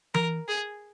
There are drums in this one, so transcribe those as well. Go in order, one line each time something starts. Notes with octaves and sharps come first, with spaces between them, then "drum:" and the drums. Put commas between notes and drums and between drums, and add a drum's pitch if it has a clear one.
A#4, drum: tom E3
G#4